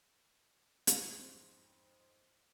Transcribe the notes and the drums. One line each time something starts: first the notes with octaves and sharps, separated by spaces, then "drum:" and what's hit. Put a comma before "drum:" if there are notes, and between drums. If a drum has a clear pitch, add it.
F2 G#2 C4 A#6, drum: hi-hat